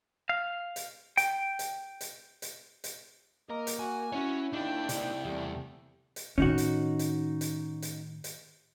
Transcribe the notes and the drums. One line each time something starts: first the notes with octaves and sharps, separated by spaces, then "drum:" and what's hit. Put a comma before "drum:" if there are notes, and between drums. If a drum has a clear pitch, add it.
F5
drum: hi-hat
G5, drum: hi-hat
drum: hi-hat
drum: hi-hat
drum: hi-hat
drum: hi-hat
A#3 A#4 D#5 A#5
drum: hi-hat
F#4 G#5
C#4 E4 F#4 C#5
D4 D#4 G4 G5
C3 E4 D5, drum: hi-hat
E2 G3 A3
drum: hi-hat
A2 D#3 C#4 D#4 F#4
drum: hi-hat
drum: hi-hat
drum: hi-hat
drum: hi-hat
drum: hi-hat